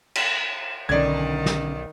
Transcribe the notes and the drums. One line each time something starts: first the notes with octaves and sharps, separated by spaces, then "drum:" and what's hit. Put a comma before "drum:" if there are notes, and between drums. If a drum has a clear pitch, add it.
drum: cymbal
B1 D3 D#3 C#4 D5 G#6
drum: snare